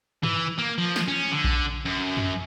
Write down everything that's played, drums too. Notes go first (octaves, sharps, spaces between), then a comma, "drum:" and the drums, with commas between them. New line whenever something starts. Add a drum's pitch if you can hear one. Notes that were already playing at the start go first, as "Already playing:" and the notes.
E3, drum: tom G2
A#3
F3
drum: snare
C#4
D3
drum: kick A#1
F#2
drum: tom